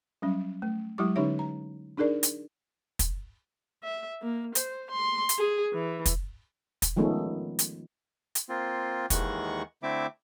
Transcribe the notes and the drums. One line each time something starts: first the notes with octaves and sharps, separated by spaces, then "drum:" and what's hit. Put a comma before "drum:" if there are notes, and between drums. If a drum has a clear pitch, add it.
F#3 G3 C#4
A3
F#3 G#3 E4 G4 D6
D3 C#4 D#4 G4 C#5 E5
A#5
D4 D#4 G#4 A#4 D5
drum: hi-hat
drum: kick, hi-hat
E5
A#3
C5, drum: hi-hat
C6
drum: hi-hat
G#4
E3
drum: kick, hi-hat
drum: kick, hi-hat
D#3 F3 G#3 A3 B3 C#4
drum: hi-hat
drum: hi-hat
A#3 C4 F4
D#2 D#3 E3 G#3 F#5 C#6, drum: kick, hi-hat
D3 A3 C4 E4 E5 D6